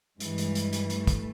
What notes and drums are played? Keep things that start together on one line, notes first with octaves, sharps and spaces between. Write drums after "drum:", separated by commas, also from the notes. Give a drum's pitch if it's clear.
G2 E3 G3 G#3, drum: hi-hat
drum: hi-hat
drum: hi-hat
drum: hi-hat
A3, drum: hi-hat
drum: kick, hi-hat